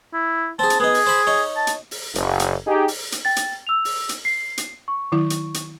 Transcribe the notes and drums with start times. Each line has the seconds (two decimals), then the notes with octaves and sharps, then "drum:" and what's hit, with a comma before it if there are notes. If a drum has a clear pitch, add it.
0.13 E4
0.59 C4 G#4 A5
0.70 drum: hi-hat
0.80 B3 D#4 G#4
0.94 drum: open hi-hat
1.07 C5 B5
1.27 D#4 C#5
1.56 A5
1.67 drum: hi-hat
1.91 drum: open hi-hat
2.15 F#1, drum: hi-hat
2.40 drum: hi-hat
2.67 D#4 G4 G#4
2.88 drum: open hi-hat
3.12 drum: hi-hat
3.25 G5 A6
3.36 drum: hi-hat
3.67 E6 F7
3.85 drum: open hi-hat
4.09 drum: hi-hat
4.25 C7
4.58 drum: hi-hat
4.88 C#6
5.12 D#3 F#3 E4
5.30 drum: hi-hat
5.54 drum: hi-hat